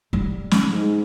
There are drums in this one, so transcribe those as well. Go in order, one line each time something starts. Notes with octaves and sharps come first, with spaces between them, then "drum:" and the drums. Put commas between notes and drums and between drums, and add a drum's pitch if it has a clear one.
G3
drum: snare
G#2